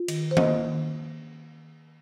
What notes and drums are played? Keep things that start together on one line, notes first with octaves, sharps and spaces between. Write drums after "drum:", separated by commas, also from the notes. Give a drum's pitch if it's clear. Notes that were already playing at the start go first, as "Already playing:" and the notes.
Already playing: F4
D#3, drum: cymbal
C5
A#3 D#5, drum: tom D#3
D#3